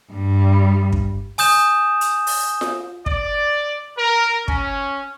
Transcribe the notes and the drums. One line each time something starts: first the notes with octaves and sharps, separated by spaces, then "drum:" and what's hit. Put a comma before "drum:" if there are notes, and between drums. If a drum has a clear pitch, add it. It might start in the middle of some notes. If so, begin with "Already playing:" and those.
G2 G3
drum: kick
G#5 D#6 G6 E7, drum: open hi-hat
drum: hi-hat
drum: open hi-hat
drum: snare F4
D5, drum: kick
A#4
C#4, drum: kick